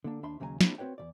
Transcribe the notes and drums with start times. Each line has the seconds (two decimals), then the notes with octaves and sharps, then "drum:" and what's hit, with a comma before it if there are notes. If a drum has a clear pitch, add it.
0.04 D3 A#3 D4
0.23 D#2 D4 E5 B5 C6
0.40 D#2 C#3 F#3 A#4 G#5 A#5
0.61 F3 G3 A#3 C4 D4 E4, drum: snare
0.78 C4 F#4 B4 C#5 G5
0.98 E2 A#2 D5